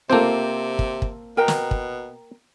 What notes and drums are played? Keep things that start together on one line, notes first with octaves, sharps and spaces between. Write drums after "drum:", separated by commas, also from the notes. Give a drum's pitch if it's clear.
C3 A#3 C4 F4 A4 C5
drum: kick
drum: kick
B2 A#4 G5 A#5
drum: snare
drum: kick